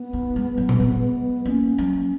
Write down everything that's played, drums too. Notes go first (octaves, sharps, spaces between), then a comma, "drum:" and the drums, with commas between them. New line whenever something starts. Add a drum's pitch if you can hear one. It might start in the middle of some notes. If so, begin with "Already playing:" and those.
Already playing: B3
D#4
G#3
F#3
drum: tom A#2
G#3
A#3 C#4
F#3